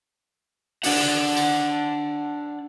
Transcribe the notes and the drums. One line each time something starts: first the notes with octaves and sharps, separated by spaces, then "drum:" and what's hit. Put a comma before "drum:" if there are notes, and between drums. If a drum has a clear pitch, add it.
D4 F#5, drum: open hi-hat
drum: cymbal